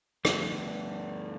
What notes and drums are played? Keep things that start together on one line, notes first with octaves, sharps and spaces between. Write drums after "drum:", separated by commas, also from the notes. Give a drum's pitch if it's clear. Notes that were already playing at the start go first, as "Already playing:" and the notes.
D2 G2, drum: rim click